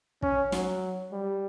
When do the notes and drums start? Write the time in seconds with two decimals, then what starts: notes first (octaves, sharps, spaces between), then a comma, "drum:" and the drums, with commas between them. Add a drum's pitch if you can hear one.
0.22 C#4, drum: kick
0.52 F#3, drum: snare
1.12 G3